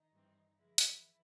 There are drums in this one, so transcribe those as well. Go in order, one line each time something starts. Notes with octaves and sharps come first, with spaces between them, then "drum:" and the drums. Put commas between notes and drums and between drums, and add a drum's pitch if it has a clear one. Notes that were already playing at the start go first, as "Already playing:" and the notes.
Already playing: D#3 D#4
G2 E3 G3 C4
D3 E3 F3 G#3 E4
drum: hi-hat